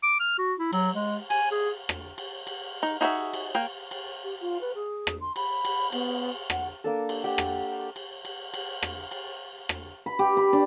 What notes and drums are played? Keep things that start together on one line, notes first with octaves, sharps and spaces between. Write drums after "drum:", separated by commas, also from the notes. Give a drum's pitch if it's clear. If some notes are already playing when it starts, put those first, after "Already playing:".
D6
F6
F#4
E4
F#3, drum: cymbal
G#3
G#5, drum: cymbal
G#4
drum: rim click
drum: cymbal
drum: cymbal
D#4
D#4 F#4 G#4 E5
drum: cymbal
A#3 A#4 G5
drum: cymbal
G4
F4
B4
G#4
drum: rim click
C6
B5, drum: cymbal
drum: cymbal
B3, drum: cymbal
F#5, drum: rim click
A#3 D4 A4
drum: cymbal
G4 F#5 G5
drum: rim click
drum: cymbal
drum: cymbal
drum: cymbal
drum: rim click
drum: cymbal
drum: rim click
B5
G4
B5
D4